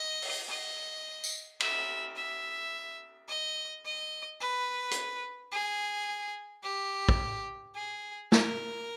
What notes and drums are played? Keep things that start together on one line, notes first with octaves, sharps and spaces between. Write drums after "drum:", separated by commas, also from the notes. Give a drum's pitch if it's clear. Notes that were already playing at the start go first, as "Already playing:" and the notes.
Already playing: D#5
drum: open hi-hat
D#5
drum: tambourine
E5, drum: cymbal
E5
D#5
D#5
B4
drum: hi-hat
G#4
G4
drum: kick
G#4
A#4, drum: snare